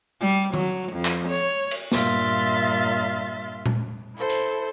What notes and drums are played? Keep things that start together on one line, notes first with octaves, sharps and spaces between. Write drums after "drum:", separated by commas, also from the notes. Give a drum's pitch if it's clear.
G3
F#3, drum: tom D#3
F2
drum: clap
C#5
drum: cymbal
G2 A#2 E5 F5 C6 A6, drum: snare
drum: tom A#2
E4 A4 C5
drum: hi-hat